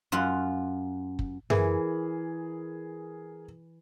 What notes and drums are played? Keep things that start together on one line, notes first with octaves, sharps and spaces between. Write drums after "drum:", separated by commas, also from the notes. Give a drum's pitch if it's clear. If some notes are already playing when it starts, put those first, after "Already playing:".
F#2 F4 F#5
drum: kick
E3 G#4 A#4, drum: tom F#2